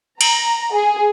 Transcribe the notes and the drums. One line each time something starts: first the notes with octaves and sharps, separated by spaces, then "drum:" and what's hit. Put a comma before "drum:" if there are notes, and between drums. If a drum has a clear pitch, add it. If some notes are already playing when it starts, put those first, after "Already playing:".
A#5, drum: cymbal
G#4